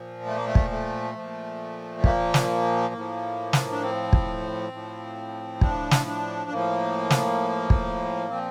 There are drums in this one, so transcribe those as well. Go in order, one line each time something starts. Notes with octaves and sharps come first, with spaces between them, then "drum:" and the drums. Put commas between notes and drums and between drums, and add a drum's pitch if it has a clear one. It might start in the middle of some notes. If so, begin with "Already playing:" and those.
Already playing: A#2 F3
A3
A#3
A3
drum: kick
A3
A#2 F3
A#3, drum: kick
drum: snare
A2 F3
drum: snare
D4
C4
drum: kick
A2 F3
D4, drum: kick
drum: snare
D4
A2 F3 A#3
drum: snare
drum: kick
A#2 F3 C4